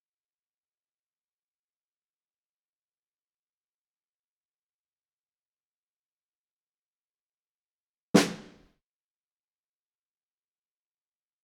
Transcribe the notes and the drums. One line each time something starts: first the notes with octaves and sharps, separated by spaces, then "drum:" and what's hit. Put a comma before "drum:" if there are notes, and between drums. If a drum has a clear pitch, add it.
G3 E4 C6
E4 F#4 B4 C5
D#4 F4 C#5 A5
A4 C#5 D5 F5
B3 F4
C#3
C4 F#4 A5
F2
F2 A#3 F4 F#4 E6
D#4 E4 G4 G#4 A#4 D5
F#2 B2 F3
G4 A4
D#2 G#2 C#3 C#4
G#4 C6
drum: snare
B4
C#6
G#5
F4
G4
F5
F4
D5